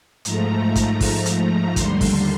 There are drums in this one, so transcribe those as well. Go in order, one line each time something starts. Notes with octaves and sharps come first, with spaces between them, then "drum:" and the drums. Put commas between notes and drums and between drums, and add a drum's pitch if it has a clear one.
G#2 F3 A3 A#5, drum: hi-hat
drum: kick, hi-hat
drum: kick, open hi-hat
drum: hi-hat
D#2 D3 G3 C6, drum: kick, hi-hat
drum: kick, open hi-hat